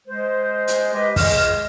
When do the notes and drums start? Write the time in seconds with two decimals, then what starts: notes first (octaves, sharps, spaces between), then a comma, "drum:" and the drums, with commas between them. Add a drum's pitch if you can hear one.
0.07 G#3 C5
0.68 drum: hi-hat
0.93 G4 B4 D#5
1.16 C#2 G#3 G#4 D#5 F6, drum: kick, open hi-hat